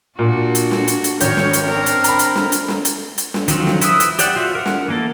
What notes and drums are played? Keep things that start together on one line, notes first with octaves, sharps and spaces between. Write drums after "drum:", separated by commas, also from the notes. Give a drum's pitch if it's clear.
A#2 D4 F#4
drum: hi-hat
drum: snare
drum: hi-hat
drum: hi-hat
G#1 C#4 A#4 C#5 G6, drum: hi-hat
drum: snare
drum: hi-hat
C4 D4 A#4
drum: hi-hat
A#5 B5, drum: hi-hat
drum: hi-hat
drum: snare
drum: hi-hat
drum: snare
drum: hi-hat
drum: hi-hat
drum: snare
D#3 F3 F#3 C4, drum: hi-hat
drum: snare
E4 B4 E5 D#6, drum: hi-hat
drum: hi-hat
G4 C5 D5 F#5 G5, drum: hi-hat
F4 F#4 E5
A#4 F#5
drum: snare
E3 A#3 A4